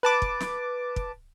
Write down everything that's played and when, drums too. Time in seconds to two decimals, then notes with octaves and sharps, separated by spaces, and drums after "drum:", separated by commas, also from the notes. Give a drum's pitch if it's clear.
0.03 B4 A5 D6
0.22 drum: kick
0.40 drum: snare
0.96 drum: kick